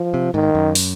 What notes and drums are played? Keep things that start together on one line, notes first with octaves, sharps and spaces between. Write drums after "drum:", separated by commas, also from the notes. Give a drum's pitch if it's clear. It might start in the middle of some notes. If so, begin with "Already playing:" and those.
Already playing: F3
C3
G#2 D#3
F#2
drum: open hi-hat